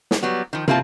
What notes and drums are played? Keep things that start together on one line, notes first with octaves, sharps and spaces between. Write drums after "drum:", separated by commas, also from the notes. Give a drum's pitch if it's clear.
drum: snare
F#3 G3 B3
D#3 F3
A#3 C4 E4 F4 A5, drum: tom